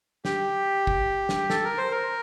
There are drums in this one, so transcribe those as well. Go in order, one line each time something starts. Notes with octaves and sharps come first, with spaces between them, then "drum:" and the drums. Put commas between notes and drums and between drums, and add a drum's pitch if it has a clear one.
G4, drum: snare
drum: kick
drum: snare
A4, drum: snare
A#4
C5
A#4